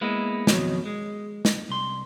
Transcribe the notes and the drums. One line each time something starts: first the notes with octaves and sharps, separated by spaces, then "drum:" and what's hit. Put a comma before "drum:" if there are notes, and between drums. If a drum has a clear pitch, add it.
G#3 A#3 B3 E4
F2 B2 D#3 F#3, drum: snare
G#3
drum: snare
C2 C6